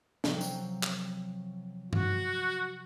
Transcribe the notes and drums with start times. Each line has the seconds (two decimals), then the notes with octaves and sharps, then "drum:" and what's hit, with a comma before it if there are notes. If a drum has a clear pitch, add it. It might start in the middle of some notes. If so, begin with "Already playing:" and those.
0.24 C3 F3 F#3, drum: snare
0.41 drum: tambourine
0.83 drum: clap
1.93 F#4, drum: tom G2